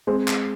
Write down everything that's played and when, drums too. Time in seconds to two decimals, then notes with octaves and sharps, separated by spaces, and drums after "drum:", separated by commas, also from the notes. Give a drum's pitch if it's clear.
0.07 G#3 C4
0.28 drum: clap